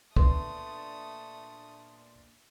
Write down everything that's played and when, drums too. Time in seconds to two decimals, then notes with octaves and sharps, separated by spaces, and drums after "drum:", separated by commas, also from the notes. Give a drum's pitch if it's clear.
0.16 A#2 A3 B3 D4 B4 C6 D#6, drum: kick C#2